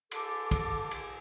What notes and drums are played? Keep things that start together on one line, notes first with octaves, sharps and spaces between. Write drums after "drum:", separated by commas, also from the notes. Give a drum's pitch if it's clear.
A4 D6, drum: cymbal
drum: kick, cymbal
drum: cymbal